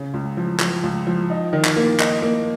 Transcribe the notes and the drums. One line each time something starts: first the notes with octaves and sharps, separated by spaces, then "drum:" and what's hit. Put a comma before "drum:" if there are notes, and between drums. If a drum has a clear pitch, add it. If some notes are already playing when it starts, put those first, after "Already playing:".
Already playing: C#3
C#2
F3
F3, drum: clap
C#2
F3
D#4
D#3
drum: clap
A#3
D#4, drum: clap
A#3